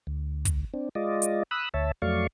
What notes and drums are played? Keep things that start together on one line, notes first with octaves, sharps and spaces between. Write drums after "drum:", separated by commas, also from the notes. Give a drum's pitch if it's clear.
D2
drum: kick, hi-hat
C4 D4
G#3 F4 D5 D#5
drum: hi-hat
B5 D#6 E6 F#6
D2 C#5 E5 A5
F2 F#3 A3 D5 F5 C#6